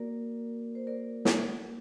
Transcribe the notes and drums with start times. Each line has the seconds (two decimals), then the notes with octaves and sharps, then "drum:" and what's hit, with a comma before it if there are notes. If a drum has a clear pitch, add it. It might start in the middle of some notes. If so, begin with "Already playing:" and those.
Already playing: A#3 F#4 A#4 D5
0.75 C5
0.87 A#4 D5
1.25 drum: snare